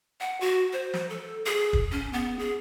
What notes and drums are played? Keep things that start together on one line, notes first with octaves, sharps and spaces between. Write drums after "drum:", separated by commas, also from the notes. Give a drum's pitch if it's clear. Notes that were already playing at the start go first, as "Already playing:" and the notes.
F#5
F#4
C5
drum: snare
A4
G#4
drum: kick
C#4
B3
G#4